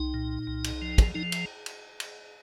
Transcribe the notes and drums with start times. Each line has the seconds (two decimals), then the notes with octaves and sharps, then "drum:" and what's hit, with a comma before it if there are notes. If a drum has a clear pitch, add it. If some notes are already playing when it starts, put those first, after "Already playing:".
Already playing: C2 D#4
0.14 A#2
0.47 C2
0.64 drum: cymbal
0.82 F3
0.98 drum: kick, cymbal
1.14 F3 D#4
1.32 drum: cymbal
1.66 drum: cymbal
2.00 drum: cymbal